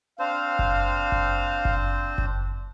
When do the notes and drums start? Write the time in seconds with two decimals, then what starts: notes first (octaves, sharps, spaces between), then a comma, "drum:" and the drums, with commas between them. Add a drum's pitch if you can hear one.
0.19 C4 D4 C5 F5
0.59 drum: kick F#1
1.12 drum: kick F#1
1.65 drum: kick F#1
2.18 drum: kick F#1